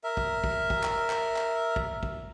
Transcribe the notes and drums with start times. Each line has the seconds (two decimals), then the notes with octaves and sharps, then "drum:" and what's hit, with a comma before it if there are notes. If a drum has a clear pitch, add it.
0.04 A#4 E5
0.17 drum: kick
0.44 drum: kick
0.70 drum: kick
0.83 drum: clap
1.10 drum: clap
1.36 drum: clap
1.76 drum: kick
2.03 drum: kick